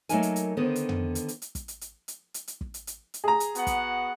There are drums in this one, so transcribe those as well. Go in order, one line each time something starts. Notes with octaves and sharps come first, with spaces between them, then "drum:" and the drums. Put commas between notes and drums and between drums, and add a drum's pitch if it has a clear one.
F#3 A3 A#3 D#4 A#4 G#5, drum: hi-hat
drum: hi-hat
drum: hi-hat
D3 D#3 B3 B4 C5
drum: hi-hat
drum: tom
drum: hi-hat
drum: hi-hat
drum: hi-hat
drum: kick, hi-hat
drum: hi-hat
drum: hi-hat
drum: hi-hat
drum: hi-hat
drum: hi-hat
drum: kick
drum: hi-hat
drum: hi-hat
drum: hi-hat
G#4 A#5
drum: hi-hat
B3 F#4 F#5, drum: hi-hat
drum: kick, hi-hat